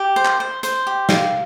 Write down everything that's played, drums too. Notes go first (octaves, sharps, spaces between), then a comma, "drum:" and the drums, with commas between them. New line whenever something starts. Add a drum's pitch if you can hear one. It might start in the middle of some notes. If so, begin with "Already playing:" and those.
Already playing: G4
C5
drum: clap
C5
C5, drum: hi-hat
G4
F5, drum: snare